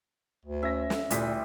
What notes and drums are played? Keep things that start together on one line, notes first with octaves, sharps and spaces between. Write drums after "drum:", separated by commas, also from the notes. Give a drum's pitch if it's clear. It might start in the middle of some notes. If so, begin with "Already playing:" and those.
D2
C#4 E5 A#6
drum: snare
D2 A#2 E3 G3 G4 D#6 B6, drum: hi-hat